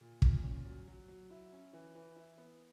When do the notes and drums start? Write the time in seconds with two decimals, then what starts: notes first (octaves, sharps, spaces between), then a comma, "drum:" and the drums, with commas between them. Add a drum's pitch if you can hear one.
0.01 A#2
0.22 A#2, drum: kick
0.44 C#4
0.66 F#3
0.88 F#3
1.08 F#3
1.30 E4
1.52 C#4
1.73 E3
1.95 E3
2.16 E4
2.38 B3